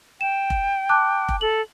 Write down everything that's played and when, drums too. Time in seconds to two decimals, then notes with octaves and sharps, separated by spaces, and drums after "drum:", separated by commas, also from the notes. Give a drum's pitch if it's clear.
0.21 G5 E7
0.50 drum: kick F1
0.89 A5 D6 F#6
1.29 drum: kick F1
1.41 A4 F#7